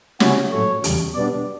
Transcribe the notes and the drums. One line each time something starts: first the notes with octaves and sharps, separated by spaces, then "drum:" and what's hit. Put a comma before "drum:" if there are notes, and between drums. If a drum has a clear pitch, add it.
C#3 G3 C#4 E4 F#4, drum: snare
A2 F#3 A3 C#5
E2 C#3 G3, drum: hi-hat
B2 G3 B3 D4 D5